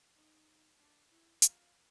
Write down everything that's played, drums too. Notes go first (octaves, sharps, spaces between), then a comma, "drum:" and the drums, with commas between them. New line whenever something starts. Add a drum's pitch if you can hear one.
D#4
D4
E4
F4, drum: hi-hat